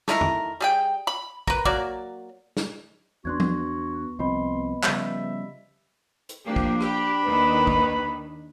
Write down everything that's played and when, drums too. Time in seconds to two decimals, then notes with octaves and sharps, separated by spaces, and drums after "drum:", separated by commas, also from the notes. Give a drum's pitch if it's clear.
0.08 A3 D#4 E4 A#4, drum: snare
0.21 drum: tom E2
0.61 G3 G#4 G5
1.07 B5
1.47 A#4 B4, drum: kick
1.65 F#3 A#3 D5, drum: kick
2.57 drum: snare
3.25 E2 B3 C#4 D4 F#4 C6 F#6 G#6
3.40 drum: tom
4.19 C2 F3 C4 D#5 B5 C6
4.83 C#3 F3 G3 E5, drum: clap
6.29 drum: hi-hat
6.46 F3 A#3 D4 G4
6.56 drum: kick
6.81 G4 B5, drum: rim click
7.25 D#2 D#3 B4
7.67 drum: kick